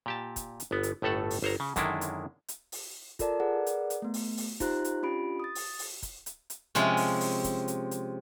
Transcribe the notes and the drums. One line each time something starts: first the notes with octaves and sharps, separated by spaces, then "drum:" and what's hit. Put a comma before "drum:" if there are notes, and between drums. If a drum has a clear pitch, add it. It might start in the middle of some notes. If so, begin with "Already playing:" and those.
A#2 G4 A5
drum: kick, hi-hat
drum: hi-hat
G1 B3
drum: hi-hat
G1 A2 A3 A4 F#5
drum: open hi-hat
G1 C5 C#5 A#5
C#3
F#2 D3 D#3 G#3 D4 E4, drum: kick, hi-hat
drum: hi-hat
drum: hi-hat
drum: open hi-hat
F4 A4 A#4 D5 A5, drum: kick, hi-hat
G#4 A#4 B4 D5 F#5
drum: hi-hat
drum: hi-hat
A3 B3
drum: open hi-hat
drum: open hi-hat
D#4 F4 G4 C5 A#5 F#6, drum: kick, hi-hat
drum: hi-hat
C#4 D4 F4 G4 B5 D7
D#6 A6
drum: open hi-hat
drum: open hi-hat
drum: kick, hi-hat
drum: hi-hat
drum: hi-hat
C3 F3 G#3 C#4, drum: hi-hat
drum: open hi-hat
drum: open hi-hat
drum: kick, hi-hat
drum: hi-hat
drum: hi-hat